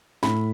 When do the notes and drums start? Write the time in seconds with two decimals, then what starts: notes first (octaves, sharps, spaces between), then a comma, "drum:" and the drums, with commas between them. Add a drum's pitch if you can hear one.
0.23 A2 B5, drum: snare